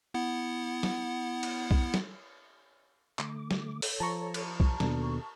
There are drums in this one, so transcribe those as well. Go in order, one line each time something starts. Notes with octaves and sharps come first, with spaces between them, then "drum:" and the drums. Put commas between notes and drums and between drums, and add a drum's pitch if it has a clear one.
B3 E4 F#5
drum: snare
drum: cymbal
drum: kick B1
drum: snare
D3 A3 D6, drum: clap
drum: snare
A4 C#5, drum: open hi-hat
F3 A5 A#5 C#6
drum: cymbal
drum: kick B1
D#2 B2 D4 A4, drum: snare